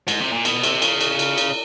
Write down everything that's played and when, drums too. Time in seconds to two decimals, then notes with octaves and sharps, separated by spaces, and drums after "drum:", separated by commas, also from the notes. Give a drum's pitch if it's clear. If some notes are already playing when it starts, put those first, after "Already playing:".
0.08 G#2, drum: cymbal
0.21 C3
0.32 A#2
0.45 B2, drum: cymbal
0.63 C3, drum: cymbal
0.82 C#3, drum: cymbal
1.01 drum: cymbal
1.19 drum: cymbal
1.38 drum: cymbal